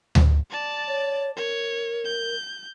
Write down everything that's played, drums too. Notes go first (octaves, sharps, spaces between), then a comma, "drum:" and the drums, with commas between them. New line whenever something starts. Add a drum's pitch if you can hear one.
drum: tom D2
D5 A5
C#5
A#4 C#5
G6